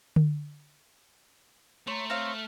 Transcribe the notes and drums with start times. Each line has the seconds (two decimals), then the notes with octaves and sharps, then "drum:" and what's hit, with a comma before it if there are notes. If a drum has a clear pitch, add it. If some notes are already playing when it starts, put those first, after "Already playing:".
0.16 drum: tom D3
1.87 A3 C#5 A#5 C6
2.10 C4 C#5 F5 F6